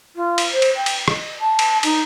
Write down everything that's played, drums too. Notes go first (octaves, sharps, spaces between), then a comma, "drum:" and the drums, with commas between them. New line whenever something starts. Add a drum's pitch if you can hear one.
F4
drum: cymbal
C5
drum: cymbal
G5
drum: cymbal
D#5, drum: rim click
A5
drum: cymbal
D#4, drum: cymbal